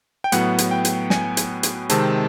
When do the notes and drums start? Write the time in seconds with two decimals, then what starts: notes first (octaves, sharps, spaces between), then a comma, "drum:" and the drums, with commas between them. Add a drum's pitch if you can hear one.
0.24 G5
0.32 A2 F#3 B3 F#5, drum: hi-hat
0.58 drum: hi-hat
0.71 G5
0.85 drum: hi-hat
1.10 G#5, drum: snare
1.37 drum: hi-hat
1.63 drum: hi-hat
1.90 C3 D#3 G#3 C4 A5, drum: hi-hat